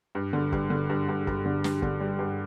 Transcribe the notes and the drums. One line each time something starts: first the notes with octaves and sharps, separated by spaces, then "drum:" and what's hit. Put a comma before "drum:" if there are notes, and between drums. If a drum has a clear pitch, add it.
G2
D3
G2, drum: kick
D3
G2
G2
G2, drum: kick
D3
G2, drum: snare
D3, drum: kick
G3
G2